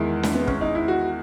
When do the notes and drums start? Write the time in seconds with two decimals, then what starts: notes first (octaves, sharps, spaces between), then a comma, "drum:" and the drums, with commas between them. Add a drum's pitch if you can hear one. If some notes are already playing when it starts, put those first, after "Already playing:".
Already playing: E2 D#3 G#3 E4
0.23 drum: snare
0.34 B3
0.48 C#4, drum: kick
0.61 D#4
0.75 E4
0.88 F#4